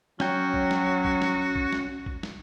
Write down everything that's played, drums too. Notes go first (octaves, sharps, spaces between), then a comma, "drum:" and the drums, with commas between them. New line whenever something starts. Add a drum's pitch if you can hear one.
F#3 C#4 F#4 G5, drum: snare
drum: kick A#1
drum: snare
drum: kick A#1
drum: snare
drum: kick A#1
drum: snare
drum: kick A#1
drum: snare